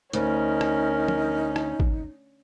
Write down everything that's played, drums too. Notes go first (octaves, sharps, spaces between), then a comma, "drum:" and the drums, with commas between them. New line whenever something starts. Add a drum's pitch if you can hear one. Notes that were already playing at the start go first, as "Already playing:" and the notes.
D2 C#4 D#4 A#4, drum: hi-hat
drum: rim click
drum: tom
drum: rim click
drum: kick